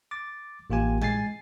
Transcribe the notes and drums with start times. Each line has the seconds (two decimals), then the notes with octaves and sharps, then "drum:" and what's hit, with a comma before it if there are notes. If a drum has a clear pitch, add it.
0.11 D6 A6
0.70 A1 A#3 F4 G4 G#5
1.01 G#3 G#5 A6 C7, drum: tom A2